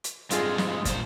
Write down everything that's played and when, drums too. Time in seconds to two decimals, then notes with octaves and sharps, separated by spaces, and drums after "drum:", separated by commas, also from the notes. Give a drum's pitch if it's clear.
0.04 drum: hi-hat
0.31 G2 G#3 C4 F4 G#4, drum: hi-hat
0.58 drum: snare
0.85 A#2 C5, drum: kick, hi-hat